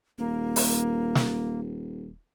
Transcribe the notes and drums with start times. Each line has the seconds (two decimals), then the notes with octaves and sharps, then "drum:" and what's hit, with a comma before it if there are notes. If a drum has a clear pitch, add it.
0.18 D#1 A#3
0.56 drum: open hi-hat
1.15 drum: snare